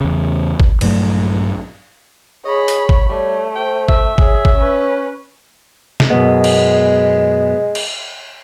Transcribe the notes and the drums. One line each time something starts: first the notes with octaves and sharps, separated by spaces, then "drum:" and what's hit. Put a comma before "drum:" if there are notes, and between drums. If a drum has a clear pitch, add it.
E2 C#3
drum: kick G1
A#1 G2 F#3 A3, drum: cymbal
G#4 C#5 D#5 B5
drum: open hi-hat
drum: kick G1
G3 A3 C#5
C5 G5
E5, drum: kick G1
G#4 C#5, drum: kick G1
drum: kick G1
C#4 B4
drum: snare
F#2 B2 G#3 B3
drum: cymbal
drum: cymbal